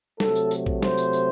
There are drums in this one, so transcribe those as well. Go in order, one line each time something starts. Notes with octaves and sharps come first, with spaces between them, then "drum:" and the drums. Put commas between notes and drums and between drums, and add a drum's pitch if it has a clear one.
C3 F#3 A3 A4, drum: snare
drum: tambourine
drum: tambourine
drum: kick
C5, drum: snare
drum: tambourine
drum: tambourine